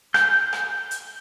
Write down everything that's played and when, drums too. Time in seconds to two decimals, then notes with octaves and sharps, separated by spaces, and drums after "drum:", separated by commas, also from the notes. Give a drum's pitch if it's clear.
0.14 G6, drum: rim click
0.53 drum: rim click
0.91 drum: hi-hat